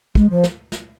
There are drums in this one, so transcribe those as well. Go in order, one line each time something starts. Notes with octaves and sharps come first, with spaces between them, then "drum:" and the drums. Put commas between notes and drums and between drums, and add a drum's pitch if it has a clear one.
G#3, drum: kick
F3
drum: snare
drum: snare